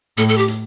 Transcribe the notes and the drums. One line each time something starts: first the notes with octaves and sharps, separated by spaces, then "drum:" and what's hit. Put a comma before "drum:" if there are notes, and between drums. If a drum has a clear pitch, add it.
A2 A4, drum: hi-hat
A4
G4
drum: hi-hat